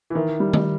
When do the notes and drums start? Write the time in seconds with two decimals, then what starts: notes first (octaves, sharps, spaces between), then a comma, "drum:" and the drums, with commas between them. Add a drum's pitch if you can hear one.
0.10 E3
0.15 D#3 E4
0.40 G3
0.53 drum: tom D#3